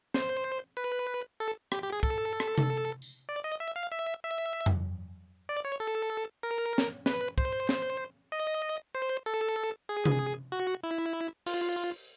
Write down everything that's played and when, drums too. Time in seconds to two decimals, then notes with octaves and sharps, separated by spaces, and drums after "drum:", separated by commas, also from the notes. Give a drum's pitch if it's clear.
0.14 C5, drum: snare
0.77 B4
1.40 A4
1.72 G4, drum: rim click
1.82 G4
1.93 G#4
2.03 A4, drum: kick
2.40 drum: rim click
2.58 drum: tom C3
3.02 drum: tambourine
3.29 D5
3.44 D#5
3.60 E5
3.76 F5
3.92 E5
4.23 E5
4.66 drum: tom F2
5.49 D5
5.65 C#5
5.80 A4
6.43 A#4
6.78 drum: snare
7.06 B4, drum: snare
7.38 C5, drum: kick
7.69 drum: snare
8.32 D#5
8.95 C5
9.26 A4
9.89 G#4
10.05 drum: tom C3
10.52 F#4
10.83 E4
11.46 F4, drum: open hi-hat